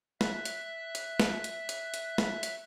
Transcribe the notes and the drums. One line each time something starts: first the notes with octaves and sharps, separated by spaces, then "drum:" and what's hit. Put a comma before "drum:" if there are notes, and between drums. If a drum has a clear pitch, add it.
E5 F#6, drum: snare
drum: hi-hat
drum: hi-hat
drum: snare
drum: hi-hat
drum: hi-hat
drum: hi-hat
drum: snare
drum: hi-hat